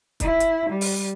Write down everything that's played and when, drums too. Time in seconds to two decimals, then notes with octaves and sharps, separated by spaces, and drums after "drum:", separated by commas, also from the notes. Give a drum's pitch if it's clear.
0.20 E4, drum: kick, hi-hat
0.40 drum: hi-hat
0.67 G3
0.81 drum: open hi-hat